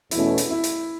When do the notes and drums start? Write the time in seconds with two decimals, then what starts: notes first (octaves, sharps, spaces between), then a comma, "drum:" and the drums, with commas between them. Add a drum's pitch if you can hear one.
0.11 E2 B2 A3 C#4 E4, drum: hi-hat
0.38 drum: hi-hat
0.51 E4
0.64 drum: hi-hat